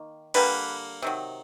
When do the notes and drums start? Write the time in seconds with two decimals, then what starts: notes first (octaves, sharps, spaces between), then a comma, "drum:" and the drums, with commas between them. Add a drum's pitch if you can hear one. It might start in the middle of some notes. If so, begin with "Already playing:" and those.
Already playing: D#3 A#3
0.34 D3 G3 A#3 B4, drum: cymbal
1.02 C3 D#3 F#3